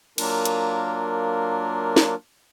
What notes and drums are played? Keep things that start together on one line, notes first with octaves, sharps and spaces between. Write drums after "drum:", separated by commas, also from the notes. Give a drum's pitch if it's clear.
F#3 A#3 D4 F4 A#4, drum: cymbal
drum: hi-hat
drum: snare